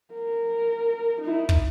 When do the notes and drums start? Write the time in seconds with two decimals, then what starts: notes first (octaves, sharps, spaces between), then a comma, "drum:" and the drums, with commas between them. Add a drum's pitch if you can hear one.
0.14 A#4
1.22 D#4 E4
1.49 drum: kick